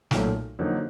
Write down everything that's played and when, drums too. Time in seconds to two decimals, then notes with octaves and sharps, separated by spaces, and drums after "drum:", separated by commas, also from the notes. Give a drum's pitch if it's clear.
0.11 B1 A#2 F#3 A3, drum: snare
0.59 F2 D3 F#3 A#3 D#4